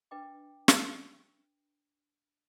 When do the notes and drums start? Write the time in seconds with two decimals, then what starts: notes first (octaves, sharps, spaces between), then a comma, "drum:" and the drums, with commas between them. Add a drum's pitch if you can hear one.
0.11 D4 B4 D#5 G5 D6
0.68 drum: snare